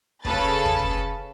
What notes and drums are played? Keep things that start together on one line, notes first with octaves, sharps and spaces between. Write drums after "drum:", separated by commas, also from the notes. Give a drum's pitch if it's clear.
C#3 C#4 A4 B4 A5 A6, drum: kick
drum: kick
drum: kick